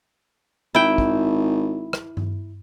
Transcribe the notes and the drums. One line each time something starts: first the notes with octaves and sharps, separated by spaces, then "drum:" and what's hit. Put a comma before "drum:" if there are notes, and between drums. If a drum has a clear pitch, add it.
G#1 E4 G5
drum: kick
drum: rim click
drum: tom G2